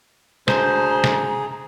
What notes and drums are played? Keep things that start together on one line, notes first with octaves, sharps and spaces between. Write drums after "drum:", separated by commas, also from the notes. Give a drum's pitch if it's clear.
D2 G#4 C5 A#5, drum: snare
drum: snare